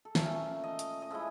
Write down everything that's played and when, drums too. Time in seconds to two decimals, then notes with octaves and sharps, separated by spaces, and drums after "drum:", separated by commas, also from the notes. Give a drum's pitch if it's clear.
0.05 A4
0.15 A#2 F3 A3 C#4 A#4, drum: snare
0.64 D#5
0.79 drum: hi-hat
1.02 D#5
1.11 F3 G#3 C#4 E4 E5